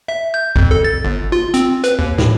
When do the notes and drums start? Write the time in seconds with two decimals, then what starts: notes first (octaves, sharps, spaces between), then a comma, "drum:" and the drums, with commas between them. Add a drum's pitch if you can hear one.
0.08 E5
0.34 G6
0.56 F2, drum: kick
0.71 A4
0.84 A6
1.05 G1
1.32 F4
1.54 C4, drum: hi-hat
1.84 B4, drum: hi-hat
1.99 D#2
2.18 A2, drum: snare